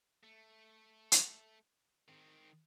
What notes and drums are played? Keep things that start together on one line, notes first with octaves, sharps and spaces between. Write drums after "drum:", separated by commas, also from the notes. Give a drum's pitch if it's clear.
A3
drum: hi-hat
D#3 C4